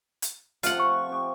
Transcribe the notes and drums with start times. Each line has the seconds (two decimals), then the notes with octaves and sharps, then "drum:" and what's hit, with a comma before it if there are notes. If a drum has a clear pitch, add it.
0.22 drum: hi-hat
0.63 C3 F3 A3 F4 F#5, drum: hi-hat
0.80 C#6
1.09 C4 G4